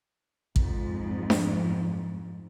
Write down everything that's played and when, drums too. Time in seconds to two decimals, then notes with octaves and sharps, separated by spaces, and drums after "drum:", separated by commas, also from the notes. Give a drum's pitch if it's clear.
0.56 F2 G#2, drum: kick
1.30 drum: snare D4